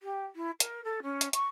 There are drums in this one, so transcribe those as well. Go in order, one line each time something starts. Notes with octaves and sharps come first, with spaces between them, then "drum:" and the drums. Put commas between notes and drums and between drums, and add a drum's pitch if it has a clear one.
G4
E4
A#4, drum: hi-hat
A4
C#4
drum: hi-hat
C#6, drum: hi-hat